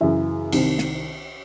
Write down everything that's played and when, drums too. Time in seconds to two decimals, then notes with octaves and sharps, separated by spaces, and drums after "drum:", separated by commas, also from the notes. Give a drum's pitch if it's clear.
0.01 F#2 C#3 E3 E5
0.52 C2 C3 D#3, drum: cymbal
0.78 drum: snare